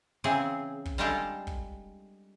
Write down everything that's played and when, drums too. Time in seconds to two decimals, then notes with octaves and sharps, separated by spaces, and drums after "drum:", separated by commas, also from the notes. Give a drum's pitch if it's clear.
0.24 C#3 E3 C4 G#4
0.85 drum: kick
0.98 G3 G#3 D4 F4 G4 A4
1.47 drum: kick